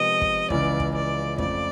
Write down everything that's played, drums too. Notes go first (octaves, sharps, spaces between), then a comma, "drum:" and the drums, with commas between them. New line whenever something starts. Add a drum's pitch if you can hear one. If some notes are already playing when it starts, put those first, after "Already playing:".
Already playing: C3 F3 G#3 B3 D#5
drum: kick
C#2 C#3 E3 D5, drum: kick
drum: kick
D5
F2 C#3 F3 A3 D5, drum: kick